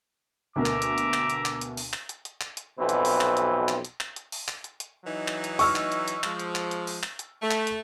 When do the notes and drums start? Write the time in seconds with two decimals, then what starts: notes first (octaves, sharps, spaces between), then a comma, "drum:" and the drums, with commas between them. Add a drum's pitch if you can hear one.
0.56 D2 B2 A#3 E5 A#5 D6
0.66 drum: clap
0.82 drum: hi-hat
0.98 drum: hi-hat
1.14 drum: clap
1.30 drum: hi-hat
1.46 drum: clap
1.61 drum: hi-hat
1.77 drum: open hi-hat
1.93 drum: clap
2.09 drum: hi-hat
2.25 drum: hi-hat
2.41 drum: clap
2.57 drum: hi-hat
2.80 B1 F2 B2 E3 C4 B4
2.89 drum: hi-hat
3.05 drum: open hi-hat
3.21 drum: clap
3.37 drum: hi-hat
3.69 drum: clap
3.85 drum: hi-hat
4.00 drum: clap
4.16 drum: hi-hat
4.32 drum: open hi-hat
4.48 drum: clap
4.64 drum: hi-hat
4.80 drum: hi-hat
5.05 E3 F#3 D#4
5.28 drum: clap
5.44 drum: hi-hat
5.59 C#6 E6 F6, drum: open hi-hat
5.76 drum: clap
5.92 drum: hi-hat
6.08 drum: hi-hat
6.24 F3 G#3, drum: clap
6.39 drum: hi-hat
6.55 drum: clap
6.71 drum: hi-hat
6.87 drum: open hi-hat
7.03 drum: clap
7.19 drum: hi-hat
7.41 A3
7.51 drum: clap
7.67 drum: hi-hat